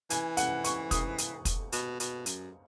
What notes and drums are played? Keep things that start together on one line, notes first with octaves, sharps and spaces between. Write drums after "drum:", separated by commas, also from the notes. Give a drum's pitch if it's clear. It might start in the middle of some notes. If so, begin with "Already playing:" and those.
E3 G#5, drum: hi-hat
F#5, drum: hi-hat
C#6, drum: hi-hat
D#6, drum: kick, hi-hat
drum: hi-hat
drum: kick, hi-hat
B2, drum: hi-hat
B2, drum: hi-hat
F#2, drum: hi-hat